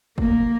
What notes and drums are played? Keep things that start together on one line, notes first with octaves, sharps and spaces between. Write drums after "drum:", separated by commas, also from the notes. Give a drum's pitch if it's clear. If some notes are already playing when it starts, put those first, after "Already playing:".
A#3, drum: kick